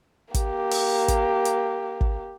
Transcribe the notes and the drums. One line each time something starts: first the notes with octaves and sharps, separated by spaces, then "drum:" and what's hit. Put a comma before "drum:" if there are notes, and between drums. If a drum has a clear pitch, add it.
A#3 G4, drum: kick, hi-hat
drum: open hi-hat
drum: kick, hi-hat
drum: hi-hat
drum: kick